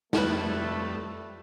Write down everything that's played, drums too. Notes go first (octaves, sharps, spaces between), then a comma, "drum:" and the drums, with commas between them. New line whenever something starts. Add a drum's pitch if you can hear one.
F2 G3 A3 E4 A4 B4, drum: snare